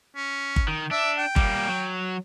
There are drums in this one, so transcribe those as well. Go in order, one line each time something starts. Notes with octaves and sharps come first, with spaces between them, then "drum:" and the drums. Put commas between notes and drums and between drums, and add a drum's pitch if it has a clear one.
C#4
drum: kick G1
D#3
D4 E5
G5
G3 A#3, drum: kick G1
F#3